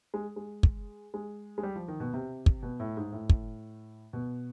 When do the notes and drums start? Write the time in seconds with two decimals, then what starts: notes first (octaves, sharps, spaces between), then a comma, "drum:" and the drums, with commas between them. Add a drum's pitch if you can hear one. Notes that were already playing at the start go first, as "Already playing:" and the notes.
0.14 G#3
0.36 G#3
0.63 drum: kick
1.14 G#3
1.58 G#3
1.63 G3
1.76 F3
1.88 D#3
2.00 B2
2.14 C3
2.46 drum: kick
2.63 B2
2.80 A2
2.97 G#2
3.12 A2
3.30 drum: kick
4.13 B2